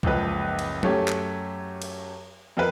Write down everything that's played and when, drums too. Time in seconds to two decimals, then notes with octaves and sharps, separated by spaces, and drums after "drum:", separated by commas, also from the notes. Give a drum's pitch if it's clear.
0.03 F#1 C#2 F3 B4, drum: kick C2
0.59 drum: cymbal
0.83 F#2 A3 C#4 G4 C#5, drum: tom
1.08 drum: clap
1.82 drum: cymbal
2.57 F2 A#4 B4